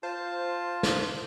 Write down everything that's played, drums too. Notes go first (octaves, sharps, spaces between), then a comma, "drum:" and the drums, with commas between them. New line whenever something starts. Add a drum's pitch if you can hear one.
F4 C5 A5
drum: snare